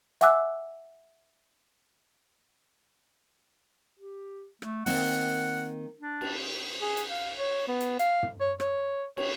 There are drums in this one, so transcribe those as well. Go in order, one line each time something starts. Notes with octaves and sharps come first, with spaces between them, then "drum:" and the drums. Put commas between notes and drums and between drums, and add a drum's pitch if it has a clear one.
E5 F#5 G#5 D6 E6 F#6, drum: hi-hat
G4
A3, drum: rim click
D#3 A#3 C4 F#5, drum: open hi-hat
D4
drum: cymbal
G#4
drum: hi-hat
F5
C#5
B3
drum: hi-hat
F5, drum: hi-hat
drum: tom
C#5
C#5, drum: rim click
C#5, drum: cymbal